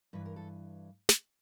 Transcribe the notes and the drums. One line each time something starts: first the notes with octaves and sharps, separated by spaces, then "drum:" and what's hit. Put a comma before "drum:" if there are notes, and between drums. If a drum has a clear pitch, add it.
G2 E3 B4
A#4
A4
drum: snare